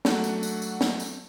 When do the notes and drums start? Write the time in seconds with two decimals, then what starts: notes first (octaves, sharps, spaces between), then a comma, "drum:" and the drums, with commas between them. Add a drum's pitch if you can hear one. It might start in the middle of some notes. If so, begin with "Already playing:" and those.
0.05 F#3 A3 D4 F#5, drum: snare
0.24 drum: tambourine
0.43 drum: tambourine
0.62 drum: tambourine
0.81 drum: snare
1.00 drum: tambourine